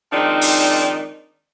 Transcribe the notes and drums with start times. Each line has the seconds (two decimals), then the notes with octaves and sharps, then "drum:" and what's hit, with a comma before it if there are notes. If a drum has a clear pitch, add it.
0.11 D#3 F3 G#3 C4 D4 D#4
0.41 drum: open hi-hat